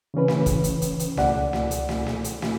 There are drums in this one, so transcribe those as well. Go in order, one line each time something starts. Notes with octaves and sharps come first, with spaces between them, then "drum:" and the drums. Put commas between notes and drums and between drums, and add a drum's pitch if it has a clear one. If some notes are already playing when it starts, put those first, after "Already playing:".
C#3 E3 C#4 B4
drum: snare
drum: kick, hi-hat
drum: hi-hat
drum: hi-hat
drum: hi-hat
C#2 D5 F#5, drum: snare
drum: snare
drum: hi-hat
drum: snare
drum: snare
drum: hi-hat
drum: snare